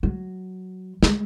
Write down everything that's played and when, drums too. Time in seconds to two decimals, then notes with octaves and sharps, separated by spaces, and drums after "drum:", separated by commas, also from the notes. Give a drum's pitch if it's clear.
0.03 F#3
1.03 G#3, drum: snare